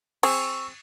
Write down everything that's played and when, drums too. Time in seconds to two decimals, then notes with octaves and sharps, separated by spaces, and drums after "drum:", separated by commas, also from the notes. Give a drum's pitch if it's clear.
0.23 C4 G#4 C#6 E6, drum: cymbal